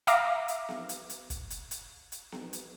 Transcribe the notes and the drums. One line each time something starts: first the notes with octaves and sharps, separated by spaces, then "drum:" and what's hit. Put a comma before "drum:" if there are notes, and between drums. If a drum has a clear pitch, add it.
E5 F5 A#5 D6 A#6, drum: hi-hat
drum: hi-hat
drum: snare B3
drum: hi-hat
drum: hi-hat
drum: kick, hi-hat
drum: hi-hat
drum: hi-hat
drum: hi-hat
drum: snare B3
drum: hi-hat